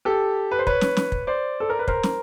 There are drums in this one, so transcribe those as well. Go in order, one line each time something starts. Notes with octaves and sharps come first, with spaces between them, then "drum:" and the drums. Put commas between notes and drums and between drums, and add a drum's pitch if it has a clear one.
G4 A4
B4
C5
B4 C#5, drum: kick
drum: snare
drum: snare
drum: kick
C5 D5
A4
A#4
B4
A#4 C5, drum: kick
drum: snare